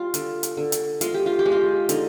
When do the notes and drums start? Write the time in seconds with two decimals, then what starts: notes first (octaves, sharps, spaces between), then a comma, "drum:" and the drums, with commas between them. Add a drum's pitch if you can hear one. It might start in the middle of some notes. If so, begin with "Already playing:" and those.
Already playing: G3 F4
0.14 D3, drum: hi-hat
0.43 drum: hi-hat
0.57 D3
0.72 drum: hi-hat
1.01 G#3 F4, drum: hi-hat
1.14 G4
1.26 F4
1.39 G4
1.46 G#3
1.52 F4
1.89 D3 D#4, drum: hi-hat